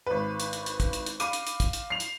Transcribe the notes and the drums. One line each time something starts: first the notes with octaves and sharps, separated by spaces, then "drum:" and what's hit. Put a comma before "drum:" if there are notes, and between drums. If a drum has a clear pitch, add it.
G#1 B4
drum: hi-hat
drum: hi-hat
drum: hi-hat
drum: kick, hi-hat
drum: hi-hat
drum: hi-hat
F5 B5 D6 D#7, drum: hi-hat
drum: hi-hat
drum: hi-hat
drum: kick, hi-hat
drum: hi-hat
C7 F7
drum: hi-hat